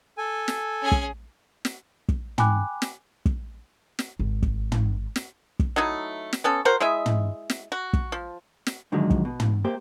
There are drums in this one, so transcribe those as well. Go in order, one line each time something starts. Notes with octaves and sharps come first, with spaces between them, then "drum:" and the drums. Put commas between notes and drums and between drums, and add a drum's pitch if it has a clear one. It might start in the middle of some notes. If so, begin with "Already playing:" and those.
A4 G#5
drum: snare
C#4 G#4
drum: kick
drum: snare
drum: kick
G5 G#5 B5 D6 F#6, drum: tom
drum: snare
drum: kick
drum: snare
G#1
drum: kick
drum: tom
drum: snare
drum: kick
F#3 A3 D#4 E4
drum: snare
B3 C#4 A4
F#4 A#4 C5
G#3 E4 D#5 E5
drum: tom
drum: snare
F#4
drum: kick
F3
drum: snare
G#2 D3 D#3 F3 F#3 G#3
drum: kick
B2
drum: tom
A#3 G4 C5